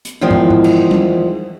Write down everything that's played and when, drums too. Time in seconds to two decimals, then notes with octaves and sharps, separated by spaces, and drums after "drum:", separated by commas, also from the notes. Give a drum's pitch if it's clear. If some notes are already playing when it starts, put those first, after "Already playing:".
0.05 drum: hi-hat
0.21 E2 D#3 F3 G#3 C4
0.31 drum: tom
0.50 drum: tom G#2
0.64 drum: cymbal
0.91 drum: tom G3